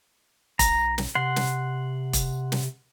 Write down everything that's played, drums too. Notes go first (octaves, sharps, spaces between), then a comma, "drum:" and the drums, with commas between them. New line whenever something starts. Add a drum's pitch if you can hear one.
B1 A#5, drum: kick E1, hi-hat
drum: snare
C3 F#5 C6
drum: snare
drum: kick E1, hi-hat
drum: snare